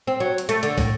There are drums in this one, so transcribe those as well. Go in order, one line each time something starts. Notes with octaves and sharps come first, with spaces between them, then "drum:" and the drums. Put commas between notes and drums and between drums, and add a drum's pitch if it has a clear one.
C4
F#3
drum: hi-hat
A3, drum: hi-hat
D3, drum: hi-hat
A2, drum: kick, open hi-hat